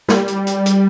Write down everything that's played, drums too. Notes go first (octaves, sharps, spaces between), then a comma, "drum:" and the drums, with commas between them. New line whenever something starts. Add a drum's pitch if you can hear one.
G3, drum: snare
drum: hi-hat
drum: hi-hat
drum: hi-hat